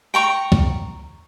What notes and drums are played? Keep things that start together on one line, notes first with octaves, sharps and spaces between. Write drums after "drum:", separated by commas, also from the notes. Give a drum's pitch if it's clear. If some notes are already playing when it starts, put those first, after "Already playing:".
G5 A#5 C#6
drum: kick